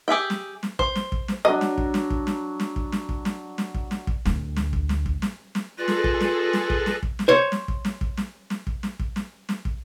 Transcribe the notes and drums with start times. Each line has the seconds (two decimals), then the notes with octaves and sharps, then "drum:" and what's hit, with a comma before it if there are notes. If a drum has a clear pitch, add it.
0.08 G4 G#4 E5 G5
0.30 drum: snare
0.63 drum: snare
0.79 C5, drum: kick
0.96 drum: snare
1.12 drum: kick
1.28 drum: snare
1.45 F#3 D4 D#5
1.61 drum: snare
1.78 drum: kick
1.94 drum: snare
2.10 drum: kick
2.27 drum: snare
2.60 drum: snare
2.76 drum: kick
2.92 drum: snare
3.09 drum: kick
3.25 drum: snare
3.58 drum: snare
3.74 drum: kick
3.91 drum: snare
4.07 drum: kick
4.26 D2 A2, drum: snare
4.57 drum: snare
4.73 drum: kick
4.89 drum: snare
5.06 drum: kick
5.22 drum: snare
5.55 drum: snare
5.78 F4 G#4 A4 B4 D5 A#6
5.88 drum: snare
6.04 drum: kick
6.21 drum: snare
6.53 drum: snare
6.70 drum: kick
6.86 drum: snare
7.03 drum: kick
7.19 drum: snare
7.28 C5 C#5
7.52 drum: snare
7.68 drum: kick
7.85 drum: snare
8.01 drum: kick
8.17 drum: snare
8.50 drum: snare
8.67 drum: kick
8.83 drum: snare
8.99 drum: kick
9.16 drum: snare
9.49 drum: snare
9.65 drum: kick